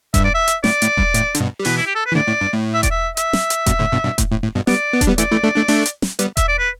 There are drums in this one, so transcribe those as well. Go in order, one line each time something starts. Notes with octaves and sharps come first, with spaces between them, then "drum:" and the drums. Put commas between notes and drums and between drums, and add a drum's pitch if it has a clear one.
G2 E5, drum: kick E1, hi-hat
D5
E5
drum: hi-hat
A2 D5, drum: snare
A2, drum: hi-hat
G2, drum: kick E1
A2, drum: hi-hat
D3, drum: hi-hat
G2 B2
G3
B2 E3 B4, drum: open hi-hat
E4
G4
A4
B4
E3
A2 D3 D5
A2
G2
A2
E5
D5, drum: kick E1, hi-hat
E5
E5, drum: hi-hat
drum: snare
drum: hi-hat
G2 B2, drum: kick E1, hi-hat
A2 D3
G2 B2
G2 B2
A2, drum: kick E1, hi-hat
A2
A2
G2 B2
G3 B3 D5, drum: snare
B3
D4, drum: kick E1, hi-hat
G3 B3
E3 A3 D5, drum: hi-hat
E3 A3
A3 D4
A3 D4
A3 D4, drum: open hi-hat
drum: hi-hat
drum: snare
G3 B3, drum: hi-hat
E5, drum: kick E1, hi-hat
D5
B4